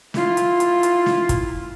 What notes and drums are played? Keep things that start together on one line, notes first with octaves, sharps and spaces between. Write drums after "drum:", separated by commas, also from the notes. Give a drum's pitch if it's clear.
E4 F4, drum: snare
drum: hi-hat
drum: hi-hat
drum: hi-hat
drum: snare
drum: kick, hi-hat